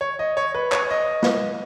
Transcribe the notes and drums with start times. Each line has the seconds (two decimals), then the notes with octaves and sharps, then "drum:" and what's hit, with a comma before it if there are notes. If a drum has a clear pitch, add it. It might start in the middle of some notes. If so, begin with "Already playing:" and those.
0.01 C#5
0.19 D#5
0.37 C#5
0.54 B4
0.72 C#5, drum: clap
0.90 D#5
1.22 drum: snare